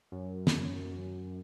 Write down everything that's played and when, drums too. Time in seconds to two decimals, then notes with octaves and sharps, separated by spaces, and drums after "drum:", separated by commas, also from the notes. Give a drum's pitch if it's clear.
0.12 F#2
0.47 drum: snare